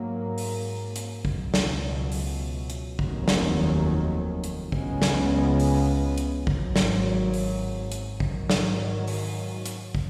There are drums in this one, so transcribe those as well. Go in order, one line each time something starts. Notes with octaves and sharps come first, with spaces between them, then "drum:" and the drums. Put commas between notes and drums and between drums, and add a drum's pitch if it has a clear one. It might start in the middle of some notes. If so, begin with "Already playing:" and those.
Already playing: G#2 F#3 A#3
drum: open hi-hat
drum: hi-hat
C#2 B2 F#3, drum: kick
drum: snare
drum: open hi-hat
drum: hi-hat
F1 D#2 D#3 F#3, drum: kick
drum: snare
drum: hi-hat
C#2 C#3 G#3 B3, drum: kick
drum: snare
drum: open hi-hat
drum: hi-hat
G#1 G#2 F#3, drum: kick
drum: snare
drum: open hi-hat
drum: hi-hat
G#2 D#3 F#3, drum: kick
drum: snare
drum: open hi-hat
drum: hi-hat
drum: kick